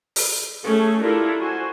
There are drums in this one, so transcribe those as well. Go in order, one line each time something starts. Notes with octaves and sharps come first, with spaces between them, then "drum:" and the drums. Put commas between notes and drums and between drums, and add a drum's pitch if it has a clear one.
drum: open hi-hat
A3 C#4 G#4 A4
D4 E4 F4 G4 A4 A#4
F#4 C5 G#5